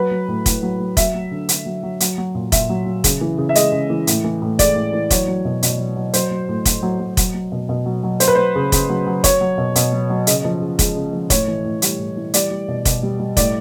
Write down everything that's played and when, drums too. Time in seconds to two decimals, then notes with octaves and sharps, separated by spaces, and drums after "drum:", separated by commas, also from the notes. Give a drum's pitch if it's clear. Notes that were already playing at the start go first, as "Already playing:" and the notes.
Already playing: F#3 B4
0.11 F#3
0.28 A2
0.46 A2, drum: kick F1, hi-hat
0.63 F#3
0.80 F#3
0.97 F#3 E5, drum: kick F1, hi-hat
1.14 F#3
1.31 D3
1.49 D3, drum: hi-hat
1.66 F#3
1.83 F#3
2.00 F#3, drum: hi-hat
2.18 F#3
2.35 A#2
2.52 A#2 E5, drum: kick F1, hi-hat
2.69 F#3
2.86 F#3
3.04 C#3, drum: kick F1, hi-hat
3.21 E3
3.38 C#3
3.49 E5
3.55 G#3 D#5, drum: hi-hat
3.72 C#3
3.90 E3
4.07 A2, drum: hi-hat
4.24 E3
4.42 A2
4.59 G#3 D5, drum: kick F1, hi-hat
4.75 A2
4.93 E3
5.10 F#3 C#5, drum: kick F1, hi-hat
5.28 F#3
5.45 B2
5.63 B2, drum: hi-hat
5.79 F#3
5.96 F#3
6.14 F#3 C5, drum: hi-hat
6.31 F#3
6.48 A2
6.65 A2, drum: kick F1, hi-hat
6.83 F#3
7.00 F#3
7.17 F#3, drum: kick F1, hi-hat
7.34 F#3
7.52 B2
7.69 B2
7.86 F#3
8.03 F#3
8.20 F#3 C5, drum: hi-hat
8.28 B4
8.35 F#3 C5
8.55 C#3
8.72 C#3, drum: kick F1, hi-hat
8.89 F#3
9.07 F#3
9.24 F#3 C#5, drum: kick F1, hi-hat
9.41 F#3
9.58 B2
9.76 B2, drum: hi-hat
9.92 F#3
10.10 F#3
10.27 C#3 D#5, drum: hi-hat
10.45 F3
10.62 C#3
10.79 G#3, drum: kick F1, hi-hat
10.96 C#3
11.13 F3
11.30 A2 C#5, drum: kick F1, hi-hat
11.48 E3
11.65 A2
11.82 G3, drum: hi-hat
11.99 A2
12.17 E3
12.34 G3 D5, drum: hi-hat
12.51 G3
12.68 B2
12.85 B2, drum: kick F1, hi-hat
13.03 G3
13.19 G3
13.37 A2 D5, drum: kick F1, hi-hat